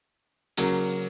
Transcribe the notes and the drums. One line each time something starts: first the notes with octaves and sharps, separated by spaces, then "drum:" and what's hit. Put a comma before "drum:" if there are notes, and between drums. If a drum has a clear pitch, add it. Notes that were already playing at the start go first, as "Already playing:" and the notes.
C#3 F#3 A#3, drum: hi-hat